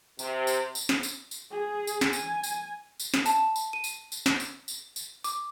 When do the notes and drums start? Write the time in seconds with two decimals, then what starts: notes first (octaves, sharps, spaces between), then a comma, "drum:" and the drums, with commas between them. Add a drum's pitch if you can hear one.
0.19 C3, drum: tambourine
0.47 drum: tambourine
0.75 drum: tambourine
0.89 drum: snare
1.03 drum: tambourine
1.31 drum: tambourine
1.51 G#4
1.87 drum: tambourine
2.01 drum: snare
2.13 G#5, drum: tambourine
2.43 drum: tambourine
3.00 drum: tambourine
3.14 drum: snare
3.26 A5, drum: tambourine
3.56 drum: tambourine
3.73 D#7
3.84 drum: tambourine
4.12 drum: tambourine
4.26 drum: snare
4.40 drum: tambourine
4.68 drum: tambourine
4.96 drum: tambourine
5.24 D6, drum: tambourine